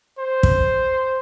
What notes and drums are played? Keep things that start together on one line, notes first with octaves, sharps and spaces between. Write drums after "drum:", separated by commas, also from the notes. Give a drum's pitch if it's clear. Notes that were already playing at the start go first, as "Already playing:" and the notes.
C5
drum: kick